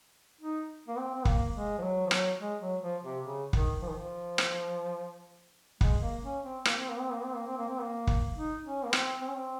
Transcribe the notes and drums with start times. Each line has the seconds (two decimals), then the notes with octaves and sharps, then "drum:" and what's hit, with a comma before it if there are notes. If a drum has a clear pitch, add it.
0.41 D#4
0.88 A#3
0.98 C4
1.15 C4
1.25 A#3, drum: kick
1.54 G#3
1.78 F3
1.82 F#3
2.06 F3
2.11 F#3, drum: rim click
2.40 G#3
2.61 F#3
2.82 F3
3.04 C3
3.24 C#3
3.53 D#3, drum: kick
3.82 F3
3.89 D#3
3.96 F3
4.38 drum: rim click
5.81 G#3, drum: kick
6.01 A#3
6.23 C#4
6.43 C4
6.65 A#3, drum: rim click
6.78 C4
6.89 A#3
6.99 C4
7.12 A#3
7.24 C4
7.35 A#3
7.47 C4
7.57 A#3
7.69 C4
7.81 A#3
8.07 drum: kick
8.36 D#4
8.64 C#4
8.85 A#3
8.93 C4, drum: rim click
9.21 C4
9.28 C#4
9.35 C4